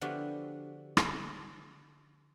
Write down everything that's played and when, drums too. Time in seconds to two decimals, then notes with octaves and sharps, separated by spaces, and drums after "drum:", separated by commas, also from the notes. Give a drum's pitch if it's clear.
0.01 D3 F3 B3 E4 F#4 G4
0.97 drum: rim click